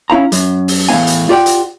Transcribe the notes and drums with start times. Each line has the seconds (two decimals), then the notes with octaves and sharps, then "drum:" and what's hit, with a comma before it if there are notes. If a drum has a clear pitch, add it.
0.10 C#4 E4 F5 A#5
0.32 F#2, drum: hi-hat
0.68 drum: open hi-hat
0.89 E2 A2 E3 C#4 F5 G#5
1.07 drum: hi-hat
1.29 F4 G4 D5 F#5 G5
1.46 drum: hi-hat